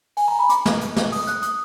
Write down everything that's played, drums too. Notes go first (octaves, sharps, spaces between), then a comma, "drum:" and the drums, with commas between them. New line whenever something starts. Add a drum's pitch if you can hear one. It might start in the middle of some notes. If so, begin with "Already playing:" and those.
G#5, drum: open hi-hat
A#5
B5
D6, drum: hi-hat
drum: snare
drum: hi-hat
drum: snare
D#6, drum: open hi-hat
F#6, drum: hi-hat
D#6, drum: hi-hat